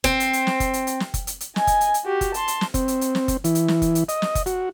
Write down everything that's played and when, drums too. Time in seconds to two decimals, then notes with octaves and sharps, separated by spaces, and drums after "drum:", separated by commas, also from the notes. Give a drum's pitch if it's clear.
0.04 C4, drum: kick F#1, hi-hat
0.20 drum: hi-hat
0.33 drum: hi-hat
0.47 drum: snare
0.60 drum: kick F#1, hi-hat
0.74 drum: hi-hat
0.87 drum: hi-hat
1.00 drum: snare
1.14 drum: kick F#1, hi-hat
1.27 drum: hi-hat
1.41 drum: hi-hat
1.56 D#5 G#5, drum: snare
1.67 drum: kick F#1, hi-hat
1.81 drum: hi-hat
1.94 drum: hi-hat
2.04 F#4 G4
2.21 drum: kick F#1, hi-hat
2.34 A5 C6, drum: hi-hat
2.48 drum: hi-hat
2.61 drum: snare
2.74 C4, drum: kick F#1, hi-hat
2.88 drum: hi-hat
3.01 drum: hi-hat
3.15 drum: snare
3.28 drum: kick F#1, hi-hat
3.44 E3, drum: hi-hat
3.55 drum: hi-hat
3.68 drum: snare
3.82 drum: kick F#1, hi-hat
3.95 drum: hi-hat
4.09 D#5, drum: hi-hat
4.22 drum: snare
4.35 drum: kick F#1, hi-hat
4.46 F#4, drum: hi-hat